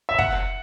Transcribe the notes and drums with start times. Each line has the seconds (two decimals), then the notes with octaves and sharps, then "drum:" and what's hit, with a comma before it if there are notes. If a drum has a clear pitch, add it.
0.09 E5
0.18 F#5, drum: kick